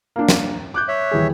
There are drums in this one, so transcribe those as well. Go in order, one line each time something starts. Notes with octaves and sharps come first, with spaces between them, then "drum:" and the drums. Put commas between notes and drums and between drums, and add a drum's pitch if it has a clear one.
A#3 D4
drum: snare
D6 F#6 G6
C#5 E5
D#1 E3 G#4